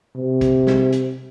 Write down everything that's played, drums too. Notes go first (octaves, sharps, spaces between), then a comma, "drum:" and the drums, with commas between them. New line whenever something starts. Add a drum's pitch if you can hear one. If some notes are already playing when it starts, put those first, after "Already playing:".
C3
drum: kick, hi-hat
drum: snare
drum: hi-hat